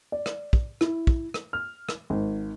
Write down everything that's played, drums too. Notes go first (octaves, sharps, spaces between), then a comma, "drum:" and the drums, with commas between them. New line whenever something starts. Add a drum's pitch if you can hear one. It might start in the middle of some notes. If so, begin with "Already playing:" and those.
D5
drum: rim click
drum: kick
E4, drum: rim click
drum: kick
drum: rim click
F6
drum: rim click
G#1